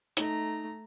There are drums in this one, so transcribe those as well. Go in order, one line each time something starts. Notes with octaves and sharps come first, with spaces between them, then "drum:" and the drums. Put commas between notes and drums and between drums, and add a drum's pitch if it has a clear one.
A3 D#4 A#5, drum: hi-hat